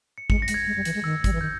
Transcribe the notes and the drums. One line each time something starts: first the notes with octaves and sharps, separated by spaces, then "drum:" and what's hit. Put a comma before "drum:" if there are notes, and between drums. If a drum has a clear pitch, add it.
C#7
G#3 C#7, drum: kick G#1
A#6
G#3, drum: hi-hat
G#6
G#3
G3
E3, drum: hi-hat
G#3
D#3 E6
G3, drum: kick G#1, hi-hat
E3
D#3 G6